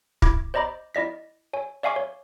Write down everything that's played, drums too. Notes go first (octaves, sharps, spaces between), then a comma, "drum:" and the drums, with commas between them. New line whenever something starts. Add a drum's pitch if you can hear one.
E4 D6 G#6, drum: kick
C5 D5 D#5 A#5 B5 D6
E4 D5 D#5 B6
C#5 G#5
D5 E5 F5 G#5 C#6 D6
C#5